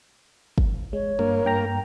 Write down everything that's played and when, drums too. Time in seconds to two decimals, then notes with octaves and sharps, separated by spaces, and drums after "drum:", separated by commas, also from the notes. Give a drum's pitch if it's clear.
0.58 drum: kick
0.93 G#3 C#5
1.19 G2 A#3
1.45 G2 G5 A#5